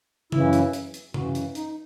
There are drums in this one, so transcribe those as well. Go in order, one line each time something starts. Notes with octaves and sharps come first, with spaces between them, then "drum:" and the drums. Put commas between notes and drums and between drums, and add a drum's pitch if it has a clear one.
F#2 C#3 E3 E4, drum: tom C#3
drum: hi-hat
drum: hi-hat
drum: hi-hat
F#2 C#3 E3 F#4, drum: tom C3
drum: hi-hat
D#4, drum: hi-hat